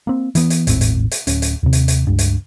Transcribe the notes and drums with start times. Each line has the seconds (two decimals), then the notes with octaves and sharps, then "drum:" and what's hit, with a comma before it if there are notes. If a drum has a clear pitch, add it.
0.07 A#3 C4
0.35 E3 B3, drum: hi-hat
0.50 drum: hi-hat
0.67 D#1 G#1 A2 C4, drum: hi-hat
0.81 drum: hi-hat
1.11 drum: hi-hat
1.27 D1 C#4, drum: hi-hat
1.42 drum: hi-hat
1.63 D#2 C3
1.73 drum: hi-hat
1.88 drum: hi-hat
2.07 C#2 G2
2.19 drum: hi-hat